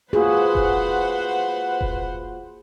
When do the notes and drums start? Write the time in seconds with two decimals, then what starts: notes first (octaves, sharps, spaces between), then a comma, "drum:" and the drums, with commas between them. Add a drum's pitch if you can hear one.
0.13 A#3 F4 F#4 G#4 B4 C5 F#5
0.55 drum: kick E1
1.81 drum: kick E1